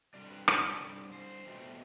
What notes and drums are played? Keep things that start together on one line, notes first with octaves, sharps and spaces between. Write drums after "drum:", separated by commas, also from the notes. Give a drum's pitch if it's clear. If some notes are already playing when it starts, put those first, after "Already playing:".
D3 G3 C4 D5
B4
D5, drum: rim click
C5
E2 B2 A3 C4